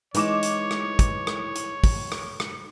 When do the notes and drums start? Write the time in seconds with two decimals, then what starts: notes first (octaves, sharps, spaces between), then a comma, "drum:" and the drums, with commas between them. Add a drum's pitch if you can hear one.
0.14 E3 G#3 D#4 C#5 D6 E7, drum: hi-hat
0.43 drum: hi-hat
0.71 drum: rim click
0.99 drum: kick, hi-hat
1.27 drum: rim click
1.55 drum: hi-hat
1.84 drum: kick, open hi-hat
2.12 drum: rim click
2.40 drum: rim click